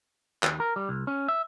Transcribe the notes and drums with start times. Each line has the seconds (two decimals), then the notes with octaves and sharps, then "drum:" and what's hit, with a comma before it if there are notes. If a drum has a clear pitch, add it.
0.43 D#2, drum: clap
0.60 A#4
0.76 G3
0.89 C2
1.07 C#4
1.28 E5